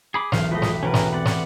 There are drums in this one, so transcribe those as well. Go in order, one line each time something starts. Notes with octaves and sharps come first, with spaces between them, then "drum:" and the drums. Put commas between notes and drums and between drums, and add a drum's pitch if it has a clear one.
G#4 B5 D6
E1 B1 E3 F5, drum: snare
F3 G#3 A3 G4 B4 D#5
drum: snare
B2 E3 C#4 A#4 B4
drum: snare
C4 B4 D5 F#5
drum: snare